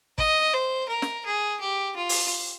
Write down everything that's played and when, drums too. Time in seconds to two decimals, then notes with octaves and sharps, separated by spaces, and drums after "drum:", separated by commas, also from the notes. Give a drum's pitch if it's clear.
0.18 D#5, drum: kick
0.53 C5
0.89 A#4
1.02 drum: snare
1.25 G#4
1.60 G4
1.96 F4
2.09 drum: open hi-hat